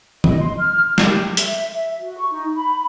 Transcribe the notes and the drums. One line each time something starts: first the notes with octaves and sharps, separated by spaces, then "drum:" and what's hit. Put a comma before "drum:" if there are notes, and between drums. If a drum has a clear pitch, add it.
D#5, drum: tom
C6
F6
F6
G4, drum: snare
E5, drum: hi-hat
E5
F#4
C#6
D#4
B5